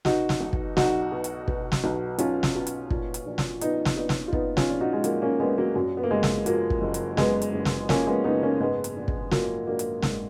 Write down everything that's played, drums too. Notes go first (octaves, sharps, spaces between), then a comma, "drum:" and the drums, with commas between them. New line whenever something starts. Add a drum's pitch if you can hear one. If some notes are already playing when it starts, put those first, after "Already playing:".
B2 D#4 F#4, drum: snare
drum: snare
B1
drum: kick
B1 D#4 F#4, drum: snare
B2
drum: hi-hat
B2, drum: kick
drum: snare
B1
B1 C#4 F4, drum: hi-hat
drum: snare
B2
drum: hi-hat
A#2, drum: kick
drum: hi-hat
A#1
drum: snare
F3 B3 D#4, drum: hi-hat
drum: snare
A#1 B3 D#4
drum: snare
F4
A#2 B3 D#4, drum: kick
C#4 F4, drum: snare
A#1
D#4 F#4
G#3
F3 F#3 A#3, drum: hi-hat
A#3 C#4
A#1 G#3 B3
F#3 A#3
F#2 F#3
B3
A#3
F#1 G#3
drum: snare
F3 F#3 A#3, drum: hi-hat
drum: kick
F#1
drum: hi-hat
F#2 G#3 B3, drum: snare
drum: hi-hat
F#1
drum: snare
F3 A#3 C#4, drum: snare
G#3 B3
F#1 B3 D#4
A#3 C#4
G#2 G#3 B3
drum: hi-hat
A#1
drum: kick
F3 F#3 A#3, drum: snare
A#1 F#3 A#3
drum: hi-hat
G#2, drum: snare